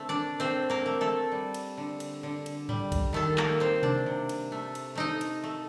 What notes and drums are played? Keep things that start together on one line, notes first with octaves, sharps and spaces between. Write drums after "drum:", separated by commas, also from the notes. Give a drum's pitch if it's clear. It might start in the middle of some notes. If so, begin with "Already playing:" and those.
Already playing: D3 A3 C4
D4 D5
A3 C4 C5
A#3 A#4
A3
A3 A4
G3
drum: cymbal
D3
drum: cymbal
D3
drum: cymbal
G3, drum: tom G#2
drum: kick, cymbal
D#3 A3 A4
A#3 A#4, drum: clap
D#3 C4 C5
D4 D5, drum: tom B2
C3
drum: cymbal
A3
drum: cymbal
A3 D#4 D#5
drum: cymbal
A3